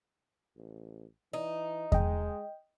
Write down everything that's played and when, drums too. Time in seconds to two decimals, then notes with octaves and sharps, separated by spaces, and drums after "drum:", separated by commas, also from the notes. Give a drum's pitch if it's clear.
0.56 A1
1.33 E3 D#4
1.92 G#3 D#5 G5, drum: kick E2